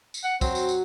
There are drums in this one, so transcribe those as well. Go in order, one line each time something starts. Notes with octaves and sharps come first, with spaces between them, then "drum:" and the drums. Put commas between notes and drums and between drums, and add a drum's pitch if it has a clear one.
drum: tambourine
F#5
F#3 C4, drum: kick, tambourine
drum: tambourine
drum: tambourine